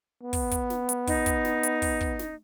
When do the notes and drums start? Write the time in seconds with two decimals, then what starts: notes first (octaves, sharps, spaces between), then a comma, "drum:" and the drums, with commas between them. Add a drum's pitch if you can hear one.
0.23 B3
0.33 drum: kick, open hi-hat
0.51 drum: kick, hi-hat
0.70 drum: snare
0.89 drum: hi-hat
1.07 D#4, drum: kick, open hi-hat
1.26 drum: kick, hi-hat
1.45 drum: snare
1.63 drum: hi-hat
1.82 drum: kick, open hi-hat
2.01 drum: kick
2.19 drum: snare